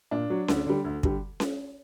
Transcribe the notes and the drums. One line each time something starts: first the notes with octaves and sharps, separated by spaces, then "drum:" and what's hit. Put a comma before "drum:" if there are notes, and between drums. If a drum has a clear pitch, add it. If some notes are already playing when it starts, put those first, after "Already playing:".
A#2 D4
F#3
D2, drum: snare C#4
D3 G3
D2
D3 G3, drum: kick
drum: snare C#4